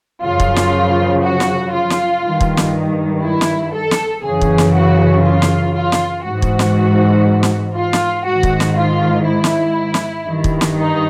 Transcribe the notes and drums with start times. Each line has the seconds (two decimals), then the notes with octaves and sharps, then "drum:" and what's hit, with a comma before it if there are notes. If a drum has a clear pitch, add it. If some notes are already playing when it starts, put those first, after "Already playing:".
0.23 F#2 C#3 F3 F4
0.40 drum: kick
0.56 drum: snare
1.24 F#4
1.40 drum: snare
1.74 F4
1.90 drum: snare
2.24 G2 D#3
2.41 drum: kick
2.57 drum: snare
3.24 E4
3.41 drum: snare
3.74 A4
3.91 drum: snare
4.25 F#2 C#3 E3 G#4
4.41 drum: kick
4.58 drum: snare
4.75 F#4
5.25 F4
5.42 drum: snare
5.76 F4
5.92 drum: snare
6.26 G#2 E3 F#4
6.42 drum: kick
6.59 drum: snare
7.43 drum: snare
7.76 F4
7.93 drum: snare
8.26 G#2 D#3 F#4
8.43 drum: kick
8.60 drum: snare
8.77 F4
9.27 E4
9.44 drum: snare
9.94 drum: snare
10.28 G2 D#3
10.44 drum: kick
10.61 drum: snare
10.78 D#4